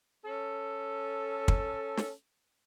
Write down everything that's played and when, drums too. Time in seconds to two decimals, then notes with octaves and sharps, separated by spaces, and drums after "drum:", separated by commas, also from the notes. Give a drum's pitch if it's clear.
0.25 C#4 A4
1.48 drum: kick
1.97 drum: snare